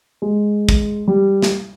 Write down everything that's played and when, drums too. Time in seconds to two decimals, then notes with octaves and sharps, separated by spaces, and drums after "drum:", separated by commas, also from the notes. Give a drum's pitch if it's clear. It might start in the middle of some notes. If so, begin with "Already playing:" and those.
0.22 G#3
0.69 drum: kick
1.07 G3
1.42 drum: snare